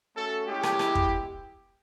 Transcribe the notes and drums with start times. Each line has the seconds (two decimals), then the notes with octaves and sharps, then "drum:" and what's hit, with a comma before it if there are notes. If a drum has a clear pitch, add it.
0.16 A3 C#4 F#4 A4
0.47 G#3 C#4 E4 G4
0.63 drum: rim click
0.79 G#3 B3 E4, drum: rim click
0.95 drum: kick